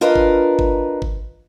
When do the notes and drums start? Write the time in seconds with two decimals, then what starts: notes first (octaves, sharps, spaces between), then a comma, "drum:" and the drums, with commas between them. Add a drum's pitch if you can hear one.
0.01 D4 F4 A#4 B4 D#5
0.16 drum: kick G1
0.59 drum: kick G1
1.02 drum: kick G1